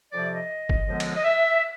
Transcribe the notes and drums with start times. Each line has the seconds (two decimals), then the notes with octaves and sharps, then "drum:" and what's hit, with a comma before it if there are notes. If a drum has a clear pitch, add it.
0.12 F2 C3 F3 A3 D5
0.32 D#5
0.69 drum: kick G1
0.87 F#2 D3 F3 G#3 B3
1.00 drum: cymbal
1.16 D#5
1.24 E5